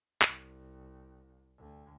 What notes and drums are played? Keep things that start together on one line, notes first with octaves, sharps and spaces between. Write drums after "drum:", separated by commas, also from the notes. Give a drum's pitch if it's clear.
C2, drum: clap
D2 D3